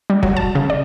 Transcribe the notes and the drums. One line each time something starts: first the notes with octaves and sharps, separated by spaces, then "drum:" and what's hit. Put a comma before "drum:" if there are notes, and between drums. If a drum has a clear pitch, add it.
G3
F#3, drum: kick
A5
C#3
D5